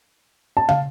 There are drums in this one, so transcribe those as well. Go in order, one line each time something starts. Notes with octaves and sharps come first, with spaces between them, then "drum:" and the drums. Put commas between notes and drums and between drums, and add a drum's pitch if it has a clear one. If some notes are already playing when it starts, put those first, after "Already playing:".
A5
F5, drum: tom